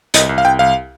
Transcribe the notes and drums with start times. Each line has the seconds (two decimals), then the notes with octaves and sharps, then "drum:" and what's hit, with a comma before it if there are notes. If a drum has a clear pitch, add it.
0.14 C2 D#5, drum: hi-hat
0.29 C2
0.38 F5
0.45 C2 G5
0.59 C2 F5